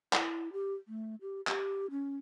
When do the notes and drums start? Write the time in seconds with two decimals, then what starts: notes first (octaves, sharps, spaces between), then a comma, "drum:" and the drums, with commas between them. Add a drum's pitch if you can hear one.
0.13 E4, drum: clap
0.53 G4
0.88 A3
1.21 G4
1.47 G4, drum: clap
1.91 C#4